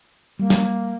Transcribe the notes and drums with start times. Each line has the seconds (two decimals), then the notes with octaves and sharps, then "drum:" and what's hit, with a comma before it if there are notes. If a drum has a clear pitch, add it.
0.39 G3 A#3
0.50 drum: snare